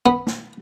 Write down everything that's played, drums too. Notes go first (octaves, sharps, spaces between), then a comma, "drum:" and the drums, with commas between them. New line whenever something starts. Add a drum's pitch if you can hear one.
B3
drum: snare